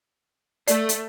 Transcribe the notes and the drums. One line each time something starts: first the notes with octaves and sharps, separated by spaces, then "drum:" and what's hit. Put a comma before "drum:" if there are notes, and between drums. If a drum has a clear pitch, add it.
A3 D5, drum: hi-hat
drum: hi-hat